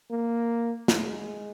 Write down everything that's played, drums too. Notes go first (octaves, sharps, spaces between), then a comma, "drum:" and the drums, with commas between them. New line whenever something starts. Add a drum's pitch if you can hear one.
A#3
drum: snare
G#3